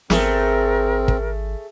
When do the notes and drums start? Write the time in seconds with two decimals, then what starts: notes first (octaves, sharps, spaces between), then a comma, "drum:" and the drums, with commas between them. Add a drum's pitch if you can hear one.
0.10 G#1 A3 C4 G#4 A#4, drum: snare
1.08 drum: kick